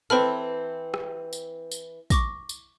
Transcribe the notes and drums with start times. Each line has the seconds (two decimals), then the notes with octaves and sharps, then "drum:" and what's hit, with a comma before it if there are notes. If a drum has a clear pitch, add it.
0.10 E3 C4 A4 B4 B5 F6
0.94 drum: rim click
1.33 drum: tambourine
1.71 drum: tambourine
2.10 C#6 D6 A#6, drum: kick, tambourine
2.49 drum: tambourine